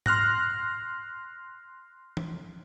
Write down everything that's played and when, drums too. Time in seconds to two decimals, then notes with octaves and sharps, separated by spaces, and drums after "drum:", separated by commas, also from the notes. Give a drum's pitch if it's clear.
0.06 C6 F6 F#6 A#6, drum: tom G#2
2.17 drum: tom E3